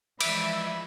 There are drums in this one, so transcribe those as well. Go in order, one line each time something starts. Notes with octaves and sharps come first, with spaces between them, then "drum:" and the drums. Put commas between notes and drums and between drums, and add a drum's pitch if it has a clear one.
E3 F3 G#3 D5 E5 B5 D6, drum: cymbal